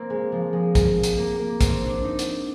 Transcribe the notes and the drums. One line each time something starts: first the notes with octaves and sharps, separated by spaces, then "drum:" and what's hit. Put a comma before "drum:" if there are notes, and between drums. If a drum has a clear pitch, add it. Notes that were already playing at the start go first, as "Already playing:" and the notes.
Already playing: A#3 C4
G#3
F3
G#3
G#3, drum: kick, hi-hat
drum: hi-hat
A#3
A#3
C4, drum: kick, hi-hat
D4
D#4
drum: hi-hat